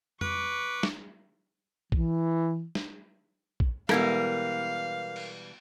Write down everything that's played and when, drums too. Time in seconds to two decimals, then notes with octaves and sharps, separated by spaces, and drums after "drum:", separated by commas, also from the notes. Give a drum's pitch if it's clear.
0.21 B4 C#6 D6, drum: tom F2
0.83 drum: snare
1.92 E3, drum: kick A#1
2.75 drum: snare
3.60 drum: kick A#1
3.89 B2 E3 G3 G#3 B3 A4 A#4 F5, drum: snare
5.16 drum: cymbal